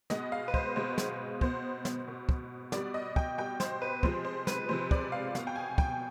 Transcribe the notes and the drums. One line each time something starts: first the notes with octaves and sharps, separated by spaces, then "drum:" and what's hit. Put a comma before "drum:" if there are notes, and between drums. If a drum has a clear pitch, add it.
B2 G#3 B3 D#5, drum: snare
F5
B4
C5, drum: kick
B2 G#3 B3 C5
drum: snare
B2 B3 C5, drum: kick
drum: snare
B2 B3
drum: kick
B2 G3 B3 D5, drum: snare
D#5
G5, drum: kick
B2 G3 B3 G5
C5, drum: snare
B4
C3 F3 G#3 C5, drum: kick
C5
B4, drum: snare
C3 F3 G#3 C5
D5, drum: kick
F5
B2 B3 F5, drum: snare
G5
G#5
G#5
G5, drum: kick